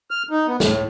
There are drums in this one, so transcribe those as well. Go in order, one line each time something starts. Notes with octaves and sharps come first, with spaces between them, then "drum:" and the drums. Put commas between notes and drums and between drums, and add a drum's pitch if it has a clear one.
F6
D#4
B3
A2, drum: snare